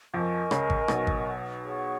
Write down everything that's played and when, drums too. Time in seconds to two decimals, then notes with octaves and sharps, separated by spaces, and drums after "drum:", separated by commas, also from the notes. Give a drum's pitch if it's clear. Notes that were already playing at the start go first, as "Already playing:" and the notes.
0.14 F2 F3 A#4 D#5 G#5 C#6
0.51 C#2 C#3, drum: rim click
0.70 drum: kick G#1
0.88 B1 B2, drum: rim click
1.07 drum: kick G#1
1.63 G#4 C#5 F#5 C#6